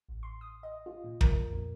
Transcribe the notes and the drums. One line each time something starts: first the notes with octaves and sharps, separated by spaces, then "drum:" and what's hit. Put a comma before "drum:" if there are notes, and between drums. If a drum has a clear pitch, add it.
A1
C6
D#6
D#5
F4
A#2
A#4, drum: kick
F2
A#2